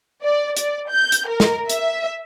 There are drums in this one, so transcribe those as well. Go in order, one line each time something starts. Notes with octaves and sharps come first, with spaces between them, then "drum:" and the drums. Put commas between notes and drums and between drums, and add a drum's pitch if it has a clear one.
D5
D5, drum: hi-hat
G6
drum: hi-hat
A#4
drum: snare
E5, drum: hi-hat